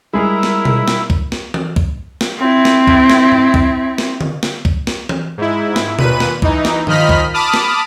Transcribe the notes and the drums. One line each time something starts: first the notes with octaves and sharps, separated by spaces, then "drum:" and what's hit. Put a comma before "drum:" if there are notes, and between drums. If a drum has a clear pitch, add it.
G3 G#3 E4 G#4 A#4
drum: snare
drum: tom B2
drum: snare
drum: kick
drum: snare
drum: tom E3
drum: kick
drum: snare
C4 E4
drum: snare
drum: kick
drum: snare
drum: tom G2
drum: kick
drum: snare
drum: tom D3
drum: snare
drum: kick
drum: snare
drum: tom E3
G#2 E4
drum: snare
D#2 A#2 B4 D#7, drum: tom B2
drum: snare
E3 D#4, drum: kick
drum: snare
D#3 F3 D#5 B5 F6 B6, drum: tom G2
drum: kick
A5 B5 D6 D#6 F6
drum: snare